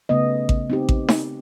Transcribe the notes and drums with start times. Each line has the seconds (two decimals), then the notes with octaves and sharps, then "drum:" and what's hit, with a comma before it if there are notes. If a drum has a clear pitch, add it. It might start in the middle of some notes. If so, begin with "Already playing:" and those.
0.09 C#3 A3 B3 D#5
0.49 drum: kick A1
0.70 C4 D#4 G4
0.89 drum: kick A1
1.08 drum: snare D#4